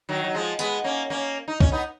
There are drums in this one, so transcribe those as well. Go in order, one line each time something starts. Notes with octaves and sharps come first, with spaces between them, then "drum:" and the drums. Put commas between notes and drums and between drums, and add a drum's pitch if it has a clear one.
D#3 F#3
F#3
F3 G#3
G#3 B3, drum: hi-hat
A#3 C#4
A#3 C#4
D#4
C#4, drum: kick C2
B3 D#4